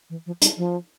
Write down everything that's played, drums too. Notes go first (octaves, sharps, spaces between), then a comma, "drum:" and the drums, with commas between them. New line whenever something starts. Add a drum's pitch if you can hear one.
E3
F3
G3, drum: hi-hat
F3